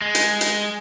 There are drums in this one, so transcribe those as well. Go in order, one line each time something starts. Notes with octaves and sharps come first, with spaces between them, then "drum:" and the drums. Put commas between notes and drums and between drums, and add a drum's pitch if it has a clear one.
G#3
drum: hi-hat
drum: hi-hat